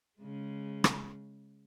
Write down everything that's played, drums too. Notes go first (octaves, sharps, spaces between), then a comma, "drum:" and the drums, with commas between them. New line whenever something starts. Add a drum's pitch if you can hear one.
C#3 G#3
drum: rim click